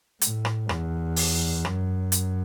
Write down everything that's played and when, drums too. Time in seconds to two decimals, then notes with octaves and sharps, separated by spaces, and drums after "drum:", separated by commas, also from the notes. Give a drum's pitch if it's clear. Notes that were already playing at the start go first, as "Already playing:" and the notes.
0.21 A2, drum: hi-hat
0.45 drum: rim click
0.69 E2, drum: rim click
1.16 drum: open hi-hat
1.65 F#2, drum: rim click
2.12 drum: hi-hat